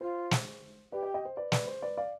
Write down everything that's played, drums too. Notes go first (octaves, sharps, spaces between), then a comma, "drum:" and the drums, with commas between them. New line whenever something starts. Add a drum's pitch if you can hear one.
F4 C5
drum: snare
G4 B4 D5
D#5 G5
D#5 G5
C5
B4 D5
B4 D5, drum: snare
C5
B4 D5
D5 F5